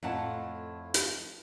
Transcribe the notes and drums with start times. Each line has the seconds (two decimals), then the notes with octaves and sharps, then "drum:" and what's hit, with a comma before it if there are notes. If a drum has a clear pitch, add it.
0.03 F2 A2 F#5 A5
0.94 drum: hi-hat